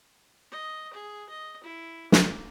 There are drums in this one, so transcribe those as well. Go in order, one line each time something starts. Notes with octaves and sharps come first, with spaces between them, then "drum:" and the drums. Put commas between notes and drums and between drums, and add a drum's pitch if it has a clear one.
D#5
G#4
D#5
E4
A#3, drum: snare